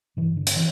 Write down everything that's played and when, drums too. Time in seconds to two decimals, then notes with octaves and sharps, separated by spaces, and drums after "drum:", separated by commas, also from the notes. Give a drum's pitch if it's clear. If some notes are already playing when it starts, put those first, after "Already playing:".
0.17 G2 D3 E3
0.37 D3
0.47 drum: hi-hat
0.56 E3